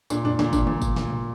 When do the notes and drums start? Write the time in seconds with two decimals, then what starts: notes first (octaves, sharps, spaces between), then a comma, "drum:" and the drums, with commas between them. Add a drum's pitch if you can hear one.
0.10 A#2 D4, drum: tambourine
0.25 D4, drum: tom E2
0.39 A#2 D4, drum: snare
0.53 D4, drum: kick, tambourine
0.67 A#2, drum: tom C#3
0.82 drum: kick, tambourine
0.96 A#2, drum: snare
1.10 drum: tom A#2